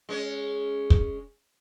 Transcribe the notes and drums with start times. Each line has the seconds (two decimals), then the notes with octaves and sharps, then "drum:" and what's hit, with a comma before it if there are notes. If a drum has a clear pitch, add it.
0.09 G#3 C#4
0.90 drum: kick